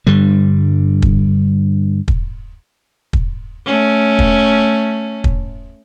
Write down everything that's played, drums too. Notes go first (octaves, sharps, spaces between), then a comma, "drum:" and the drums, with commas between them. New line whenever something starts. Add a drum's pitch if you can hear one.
G2 D3 G3
drum: kick
drum: kick
drum: kick
A3 C#4
drum: kick
drum: kick